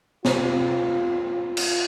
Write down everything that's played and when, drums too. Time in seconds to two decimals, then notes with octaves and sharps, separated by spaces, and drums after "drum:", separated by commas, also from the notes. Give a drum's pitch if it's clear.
0.25 C3 F4, drum: snare
1.57 drum: cymbal